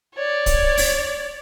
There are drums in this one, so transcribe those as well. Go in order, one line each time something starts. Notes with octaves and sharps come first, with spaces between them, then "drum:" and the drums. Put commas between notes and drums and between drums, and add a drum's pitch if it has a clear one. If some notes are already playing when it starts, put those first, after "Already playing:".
C#5 D5
drum: kick, hi-hat
drum: open hi-hat